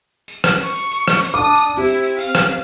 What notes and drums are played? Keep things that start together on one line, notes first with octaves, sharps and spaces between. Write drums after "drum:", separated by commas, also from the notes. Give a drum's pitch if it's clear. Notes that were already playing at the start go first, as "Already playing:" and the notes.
drum: tambourine
drum: rim click
C#6, drum: tambourine
drum: tambourine
drum: tambourine
drum: rim click
drum: tambourine
D4 D6 D#6
drum: tambourine
C4 E4 G4
drum: tambourine
drum: tambourine
F5, drum: tambourine
drum: rim click